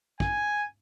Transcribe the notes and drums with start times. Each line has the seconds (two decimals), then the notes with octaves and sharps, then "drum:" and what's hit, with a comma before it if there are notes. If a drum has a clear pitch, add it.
0.20 G#5, drum: kick